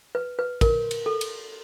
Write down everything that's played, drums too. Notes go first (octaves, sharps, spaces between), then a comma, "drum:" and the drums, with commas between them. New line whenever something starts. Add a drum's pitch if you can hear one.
B4
B4
A#4, drum: kick, cymbal
drum: cymbal
A4
drum: cymbal